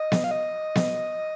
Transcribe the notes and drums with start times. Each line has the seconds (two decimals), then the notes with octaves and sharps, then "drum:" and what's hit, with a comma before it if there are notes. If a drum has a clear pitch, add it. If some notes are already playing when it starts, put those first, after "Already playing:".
Already playing: D#5
0.12 drum: snare B3
0.24 F5
0.31 D#5
0.75 drum: snare B3